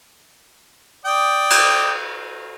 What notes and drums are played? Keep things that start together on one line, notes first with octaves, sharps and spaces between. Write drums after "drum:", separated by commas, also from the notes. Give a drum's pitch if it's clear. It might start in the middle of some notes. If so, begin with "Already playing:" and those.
D5 G5 D#6
drum: cymbal